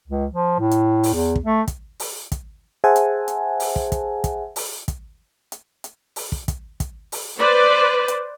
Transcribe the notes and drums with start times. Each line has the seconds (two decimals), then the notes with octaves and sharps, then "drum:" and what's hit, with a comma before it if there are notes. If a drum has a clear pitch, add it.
0.07 C#2
0.31 F3
0.59 A2
0.71 drum: hi-hat
1.03 drum: open hi-hat
1.14 E2
1.35 drum: kick
1.45 A3
1.68 drum: kick, hi-hat
2.00 drum: open hi-hat
2.32 drum: kick, hi-hat
2.84 G#4 C5 E5 F#5 G#5 A5
2.96 drum: hi-hat
3.28 drum: hi-hat
3.60 drum: open hi-hat
3.76 drum: kick
3.92 drum: kick, hi-hat
4.24 drum: kick, hi-hat
4.56 drum: open hi-hat
4.88 drum: kick, hi-hat
5.52 drum: hi-hat
5.84 drum: hi-hat
6.16 drum: open hi-hat
6.32 drum: kick
6.48 drum: kick, hi-hat
6.80 drum: kick, hi-hat
7.12 drum: open hi-hat
7.39 B4 C5 D5
8.08 drum: hi-hat